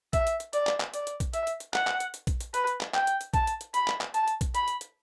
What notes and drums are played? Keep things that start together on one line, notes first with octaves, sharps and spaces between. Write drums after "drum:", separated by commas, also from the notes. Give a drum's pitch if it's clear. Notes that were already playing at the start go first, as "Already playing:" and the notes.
E5, drum: kick A#1, hi-hat
drum: hi-hat
drum: hi-hat
D5, drum: hi-hat
drum: clap
drum: clap
D5, drum: hi-hat
drum: hi-hat
drum: kick A#1, hi-hat
E5, drum: hi-hat
drum: hi-hat
drum: hi-hat
F#5, drum: clap
drum: clap
drum: hi-hat
drum: hi-hat
drum: kick A#1, hi-hat
drum: hi-hat
B4, drum: hi-hat
drum: hi-hat
drum: clap
G5, drum: clap
drum: hi-hat
drum: hi-hat
A5, drum: kick A#1, hi-hat
drum: hi-hat
drum: hi-hat
B5, drum: hi-hat
drum: clap
drum: clap
A5, drum: hi-hat
drum: hi-hat
drum: kick A#1, hi-hat
B5, drum: hi-hat
drum: hi-hat
drum: hi-hat